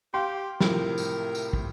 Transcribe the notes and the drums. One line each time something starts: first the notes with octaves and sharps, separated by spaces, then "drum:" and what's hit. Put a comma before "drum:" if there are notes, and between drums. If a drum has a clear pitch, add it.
G4 F5 G5 C6
A2 C3 F3 A#4, drum: snare
drum: tambourine
drum: tambourine
drum: kick